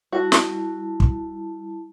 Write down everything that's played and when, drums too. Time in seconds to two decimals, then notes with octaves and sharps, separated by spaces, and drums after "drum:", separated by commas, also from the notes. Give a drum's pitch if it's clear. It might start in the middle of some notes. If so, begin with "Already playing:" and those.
0.13 G3 E4 F#4 A5
0.32 drum: snare
1.00 drum: kick